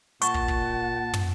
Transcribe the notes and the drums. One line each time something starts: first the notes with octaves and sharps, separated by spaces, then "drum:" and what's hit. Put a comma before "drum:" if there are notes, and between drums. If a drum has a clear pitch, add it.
A#2 F#5 A5 C#6, drum: hi-hat
drum: kick
drum: kick
drum: tom